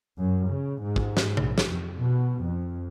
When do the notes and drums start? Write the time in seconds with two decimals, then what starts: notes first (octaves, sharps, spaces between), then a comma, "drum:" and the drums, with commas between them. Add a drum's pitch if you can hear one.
0.19 F#2
0.49 C#3
0.83 G#2
0.96 drum: kick
1.17 drum: snare
1.37 A#1, drum: tom C3
1.58 drum: snare
1.70 F2
1.99 B2
2.45 F2